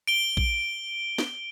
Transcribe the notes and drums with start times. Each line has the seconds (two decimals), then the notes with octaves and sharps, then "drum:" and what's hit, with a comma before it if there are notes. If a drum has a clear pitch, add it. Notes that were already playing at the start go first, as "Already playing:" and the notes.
0.07 D7 G7
0.37 drum: kick A#1
1.18 drum: snare